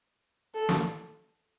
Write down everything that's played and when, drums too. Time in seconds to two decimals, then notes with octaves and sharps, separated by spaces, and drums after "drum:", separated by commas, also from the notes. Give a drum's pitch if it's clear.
0.55 A4
0.69 drum: snare